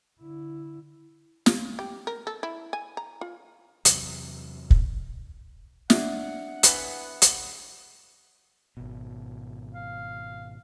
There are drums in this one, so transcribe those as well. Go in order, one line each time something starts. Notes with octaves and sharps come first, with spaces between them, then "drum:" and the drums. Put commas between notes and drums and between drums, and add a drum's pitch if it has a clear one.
D3 E4
F4, drum: snare
G4
A#4
A4
E4
G#5
A#5
F4
E2 C3 F#3, drum: hi-hat
drum: kick
D4 E5 F#5, drum: snare
E3 B3, drum: hi-hat
drum: hi-hat
G#1 B2
F5